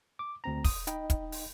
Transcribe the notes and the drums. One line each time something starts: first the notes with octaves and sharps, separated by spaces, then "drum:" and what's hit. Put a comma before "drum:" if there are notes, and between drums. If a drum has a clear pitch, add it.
D6
D2 C4 A#5
D#6, drum: kick, open hi-hat
D#4 D#5 G5 B5, drum: hi-hat
drum: kick, hi-hat
drum: open hi-hat